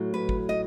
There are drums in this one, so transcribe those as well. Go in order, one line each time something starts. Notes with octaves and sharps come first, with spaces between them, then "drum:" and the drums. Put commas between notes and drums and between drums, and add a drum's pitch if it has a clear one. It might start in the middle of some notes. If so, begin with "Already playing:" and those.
Already playing: A2 F#3
B4
drum: kick
D#5